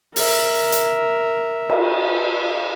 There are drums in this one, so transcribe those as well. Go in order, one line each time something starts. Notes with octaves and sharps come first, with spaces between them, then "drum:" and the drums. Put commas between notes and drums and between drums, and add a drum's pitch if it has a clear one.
A#4 E5, drum: open hi-hat
drum: hi-hat
drum: cymbal